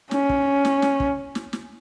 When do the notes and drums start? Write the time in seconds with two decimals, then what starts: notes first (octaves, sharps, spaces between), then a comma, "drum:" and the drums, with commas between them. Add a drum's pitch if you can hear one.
0.11 C#4, drum: snare
0.29 drum: kick
0.65 drum: snare
0.82 drum: snare
1.00 drum: kick
1.35 drum: snare
1.53 drum: snare